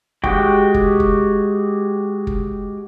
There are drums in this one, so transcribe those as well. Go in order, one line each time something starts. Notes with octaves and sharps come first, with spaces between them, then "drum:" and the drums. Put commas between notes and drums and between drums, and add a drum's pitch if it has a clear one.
G#3 F#4 G4 G5, drum: kick
drum: kick
drum: kick
drum: kick